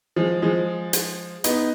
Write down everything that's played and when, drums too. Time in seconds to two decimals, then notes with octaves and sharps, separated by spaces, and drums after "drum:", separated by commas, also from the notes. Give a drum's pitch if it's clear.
0.16 F3 G#3
0.42 F3 G#3
0.93 drum: hi-hat
1.44 B3 D#4, drum: hi-hat